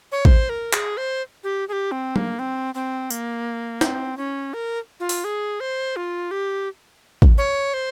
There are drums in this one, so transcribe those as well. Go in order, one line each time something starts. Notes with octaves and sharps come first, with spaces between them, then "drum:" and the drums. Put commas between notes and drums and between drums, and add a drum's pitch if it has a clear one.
C#5
C5, drum: kick
A#4
G#4, drum: clap
C5
G4
G#4
G4
C4
A#3, drum: tom F#3
C4
C4
A#3, drum: tambourine
C4, drum: snare
C#4
A#4
F4
drum: open hi-hat
G#4
C5
F4
G4
drum: kick
C#5
C5